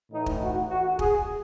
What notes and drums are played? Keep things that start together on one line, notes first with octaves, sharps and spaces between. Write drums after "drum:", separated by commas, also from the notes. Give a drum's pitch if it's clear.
A2 E3 D#4
drum: kick
F#4
F#4
G#4, drum: kick